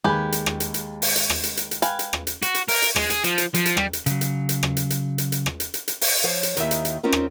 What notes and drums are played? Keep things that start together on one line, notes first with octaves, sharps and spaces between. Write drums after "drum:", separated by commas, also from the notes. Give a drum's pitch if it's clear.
D#2 G#3 G4 B4 G#5 B5
drum: hi-hat
drum: rim click
drum: hi-hat
drum: hi-hat
drum: open hi-hat
drum: hi-hat
drum: rim click
drum: hi-hat
drum: hi-hat
drum: hi-hat
B4 F5 G5 G#5, drum: hi-hat
drum: hi-hat
drum: rim click
drum: hi-hat
F#4, drum: hi-hat
drum: hi-hat
A#4, drum: open hi-hat
drum: hi-hat
G#3, drum: rim click
G#4, drum: hi-hat
F3, drum: hi-hat
drum: hi-hat
F3, drum: hi-hat
drum: hi-hat
G3, drum: rim click
drum: hi-hat
C#3 F#3, drum: hi-hat
drum: hi-hat
drum: hi-hat
drum: rim click
drum: hi-hat
drum: hi-hat
drum: hi-hat
drum: hi-hat
drum: rim click
drum: hi-hat
drum: hi-hat
drum: hi-hat
drum: open hi-hat
F3 C5 C#5 F5
drum: hi-hat
D#2 D#3 E4 E5, drum: hi-hat
drum: hi-hat
drum: hi-hat
C4 C#4 D#4 F4 A#4
drum: rim click